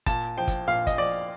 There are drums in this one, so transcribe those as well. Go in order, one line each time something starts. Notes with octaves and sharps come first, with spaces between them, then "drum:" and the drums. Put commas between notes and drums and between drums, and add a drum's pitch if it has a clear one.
A#2 A5, drum: kick, hi-hat
F3 G5
drum: kick, hi-hat
A#2 F5
D#5, drum: kick, hi-hat
F3 D5